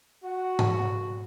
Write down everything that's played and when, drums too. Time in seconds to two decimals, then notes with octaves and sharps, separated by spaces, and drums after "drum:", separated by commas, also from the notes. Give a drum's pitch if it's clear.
0.24 F#4 F#5
0.59 drum: tom G#2